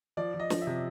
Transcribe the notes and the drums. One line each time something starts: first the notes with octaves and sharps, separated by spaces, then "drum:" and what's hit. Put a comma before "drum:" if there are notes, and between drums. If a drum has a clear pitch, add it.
F3 D5
F3
D#5
F3, drum: snare
E5
C3